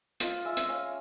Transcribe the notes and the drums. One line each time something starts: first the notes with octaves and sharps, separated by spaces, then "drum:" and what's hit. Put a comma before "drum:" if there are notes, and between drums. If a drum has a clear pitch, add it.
F4 D#5, drum: hi-hat
G#3 E5
drum: hi-hat
C#4 F5